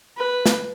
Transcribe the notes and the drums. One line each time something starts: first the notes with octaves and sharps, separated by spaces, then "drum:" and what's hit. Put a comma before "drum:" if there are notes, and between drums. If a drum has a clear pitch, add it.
B4
drum: snare